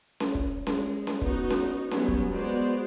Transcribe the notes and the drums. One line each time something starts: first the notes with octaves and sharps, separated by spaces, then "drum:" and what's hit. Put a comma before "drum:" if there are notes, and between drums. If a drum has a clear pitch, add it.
drum: snare C#4
drum: kick
G#3, drum: snare C#4
drum: snare C#4
B3 D#4 F#4, drum: kick
drum: snare C#4
F#3 G3 B3 C#4, drum: snare C#4
drum: kick
G#3 B3 F#4 C5 D5